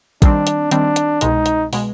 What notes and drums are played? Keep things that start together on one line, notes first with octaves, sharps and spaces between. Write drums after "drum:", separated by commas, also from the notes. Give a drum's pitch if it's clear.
D#3 G3 C4 D4, drum: kick, hi-hat
drum: hi-hat
D#3 G3 C4 D4, drum: hi-hat
drum: hi-hat
C2 B2 G#3 D#4, drum: hi-hat
drum: hi-hat
B2 G#3, drum: open hi-hat